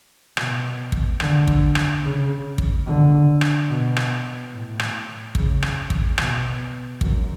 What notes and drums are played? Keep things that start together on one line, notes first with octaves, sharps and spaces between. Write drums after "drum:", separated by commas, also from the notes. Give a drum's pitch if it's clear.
B2, drum: rim click
drum: kick
D3, drum: rim click
drum: kick
drum: rim click
C#3
drum: kick
D3
drum: rim click
B2
drum: rim click
A2
drum: rim click
C#3, drum: kick
drum: rim click
drum: kick
B2, drum: rim click
F#2, drum: kick